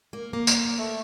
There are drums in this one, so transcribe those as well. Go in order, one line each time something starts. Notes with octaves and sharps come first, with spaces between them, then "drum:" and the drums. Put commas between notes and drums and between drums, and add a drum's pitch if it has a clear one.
A#3
A#3
drum: tambourine
A3